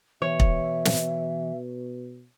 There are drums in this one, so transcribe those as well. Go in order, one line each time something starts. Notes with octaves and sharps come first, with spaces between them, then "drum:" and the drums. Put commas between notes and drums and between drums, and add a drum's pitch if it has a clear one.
B2 E3 C#5 E5
drum: kick
drum: snare